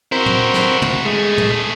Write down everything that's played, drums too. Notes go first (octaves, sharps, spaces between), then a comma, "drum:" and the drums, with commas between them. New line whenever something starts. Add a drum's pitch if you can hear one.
C4 E4 F#4 A#4 C5
drum: tom
drum: snare
drum: tom
G#3 A3 G#4
drum: tom